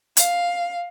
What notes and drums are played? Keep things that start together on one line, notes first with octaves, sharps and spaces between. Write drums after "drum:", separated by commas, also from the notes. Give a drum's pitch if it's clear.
F5, drum: hi-hat